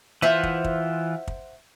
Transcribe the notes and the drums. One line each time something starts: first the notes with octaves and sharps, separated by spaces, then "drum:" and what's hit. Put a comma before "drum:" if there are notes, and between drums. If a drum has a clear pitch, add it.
E3 F4 C5 E5 F#5
drum: kick
drum: kick
drum: kick